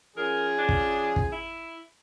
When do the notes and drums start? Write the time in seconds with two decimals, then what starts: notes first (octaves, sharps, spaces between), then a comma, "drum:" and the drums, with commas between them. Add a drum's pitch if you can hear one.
0.17 F3 C#4 G#4 A#4
0.58 D4
0.69 drum: kick
1.16 drum: kick
1.32 E4